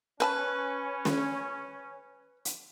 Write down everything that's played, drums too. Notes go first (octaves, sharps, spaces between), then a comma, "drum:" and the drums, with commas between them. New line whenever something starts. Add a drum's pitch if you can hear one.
C#4 B4 E5 G#5 A5
drum: snare
drum: hi-hat